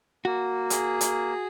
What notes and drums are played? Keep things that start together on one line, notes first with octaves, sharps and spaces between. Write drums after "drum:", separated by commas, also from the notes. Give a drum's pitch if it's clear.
A#3 F#4
G#4, drum: hi-hat
drum: hi-hat